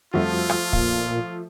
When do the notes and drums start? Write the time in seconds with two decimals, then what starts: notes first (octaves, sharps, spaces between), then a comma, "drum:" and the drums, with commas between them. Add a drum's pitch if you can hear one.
0.14 F2 F3 G3 A3 F4 F#4
0.49 drum: rim click
0.73 A#2 F5, drum: kick